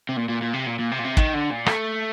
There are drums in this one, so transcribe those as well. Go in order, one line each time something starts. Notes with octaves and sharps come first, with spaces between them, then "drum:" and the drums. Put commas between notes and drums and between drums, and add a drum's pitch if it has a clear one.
C3
A#2
A#2
A#2
C3
A#2
A#2
C3
A#2
C3
D#3, drum: kick
D3
A#2
A3, drum: rim click